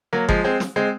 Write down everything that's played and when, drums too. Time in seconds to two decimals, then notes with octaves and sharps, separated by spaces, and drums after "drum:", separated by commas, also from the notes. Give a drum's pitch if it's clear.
0.13 F#3 A#3
0.29 F3 G#3, drum: kick G1
0.44 G#3 C4
0.60 drum: snare
0.76 G#3 C4